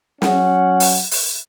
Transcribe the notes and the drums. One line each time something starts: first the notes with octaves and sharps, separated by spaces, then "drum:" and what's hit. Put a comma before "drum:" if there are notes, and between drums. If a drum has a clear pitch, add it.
F#3 C#4 F#5, drum: snare
drum: open hi-hat
drum: open hi-hat